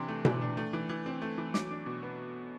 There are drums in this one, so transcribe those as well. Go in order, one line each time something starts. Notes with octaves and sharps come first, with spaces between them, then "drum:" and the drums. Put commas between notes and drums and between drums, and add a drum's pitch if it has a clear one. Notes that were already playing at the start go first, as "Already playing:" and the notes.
Already playing: C3 E3 D4 C6
A3
E3, drum: tom B2
D4
A3
E3
E3
C4
A3
E3
F#3 D6, drum: snare
D4
B2
B3